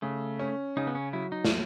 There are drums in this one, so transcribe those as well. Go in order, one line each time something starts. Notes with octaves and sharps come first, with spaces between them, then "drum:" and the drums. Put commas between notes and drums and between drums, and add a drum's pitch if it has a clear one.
C#3 A3
C#4
C#3 D#4
B3
C#4
F#3 E4
D#4
drum: snare